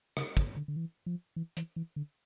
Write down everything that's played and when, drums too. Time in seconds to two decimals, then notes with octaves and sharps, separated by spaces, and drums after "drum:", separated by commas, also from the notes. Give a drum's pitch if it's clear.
0.17 C#3, drum: rim click
0.37 C#3, drum: kick
0.56 D3
0.68 D3
0.76 E3
1.06 F3
1.36 E3
1.57 E3, drum: hi-hat
1.76 E3
1.96 D3